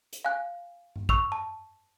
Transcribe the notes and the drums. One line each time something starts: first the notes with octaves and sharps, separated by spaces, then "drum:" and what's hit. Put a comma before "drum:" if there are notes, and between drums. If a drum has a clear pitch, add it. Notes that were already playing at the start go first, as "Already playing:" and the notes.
drum: hi-hat
F5 G#5 F#6
drum: tom G2
C#6 E6 F7, drum: kick
A5